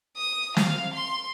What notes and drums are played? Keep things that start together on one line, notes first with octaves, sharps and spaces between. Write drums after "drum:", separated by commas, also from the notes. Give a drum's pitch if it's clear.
D#6
F5, drum: snare
C6